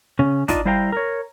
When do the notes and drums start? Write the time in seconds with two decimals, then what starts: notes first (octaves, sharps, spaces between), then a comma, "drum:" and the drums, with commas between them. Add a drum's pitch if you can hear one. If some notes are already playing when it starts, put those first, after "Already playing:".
0.19 C#3 C#4
0.48 D4 D#4 F4 D5 D#5, drum: kick, hi-hat
0.65 G3 E4 C5 F5 G5 A#5
0.92 A#4 C#5